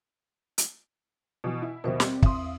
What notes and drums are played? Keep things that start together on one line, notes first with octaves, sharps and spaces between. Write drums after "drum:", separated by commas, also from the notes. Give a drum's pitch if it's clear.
drum: hi-hat
B2 E3
E4
D#2 B2 A#4 C5 E5
G3 C4 E6, drum: snare
E2 E5 F5 C6 D#6, drum: kick